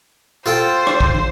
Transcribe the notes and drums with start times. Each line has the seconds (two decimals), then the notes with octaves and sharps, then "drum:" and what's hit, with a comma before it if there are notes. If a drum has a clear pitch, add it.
0.46 F4 A4 C5 G5
0.87 drum: rim click
1.00 drum: kick
1.14 drum: tom